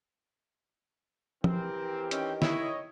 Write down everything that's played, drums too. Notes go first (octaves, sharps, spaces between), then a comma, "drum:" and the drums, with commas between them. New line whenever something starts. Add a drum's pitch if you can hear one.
E3 C4 G4 A#4, drum: tom F3
D#3 C4 C#4 G5, drum: hi-hat
E4 C#5 D#5, drum: snare